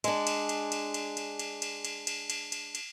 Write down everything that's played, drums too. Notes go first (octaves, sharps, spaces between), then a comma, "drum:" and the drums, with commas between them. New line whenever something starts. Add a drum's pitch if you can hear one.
G#3 D4, drum: cymbal
drum: cymbal
drum: cymbal
drum: cymbal
drum: cymbal
drum: cymbal
drum: cymbal
drum: cymbal
drum: cymbal
drum: cymbal
drum: cymbal
drum: cymbal
drum: cymbal